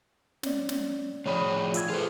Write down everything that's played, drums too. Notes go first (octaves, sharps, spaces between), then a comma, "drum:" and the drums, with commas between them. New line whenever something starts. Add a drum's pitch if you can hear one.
C#4 D5, drum: snare
drum: snare
A2 F3 G#4 C#5 D5 B5
F4 E6 G#6, drum: hi-hat
F4 G#4 A4 B4 C5